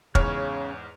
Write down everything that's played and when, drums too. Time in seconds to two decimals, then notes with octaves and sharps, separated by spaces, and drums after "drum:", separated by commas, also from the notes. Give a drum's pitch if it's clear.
0.15 E2 G#2 C#3 C#5 F6, drum: kick